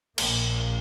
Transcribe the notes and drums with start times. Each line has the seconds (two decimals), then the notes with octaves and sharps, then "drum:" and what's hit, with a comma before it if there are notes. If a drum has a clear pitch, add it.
0.18 A#1 A#2 A#3, drum: cymbal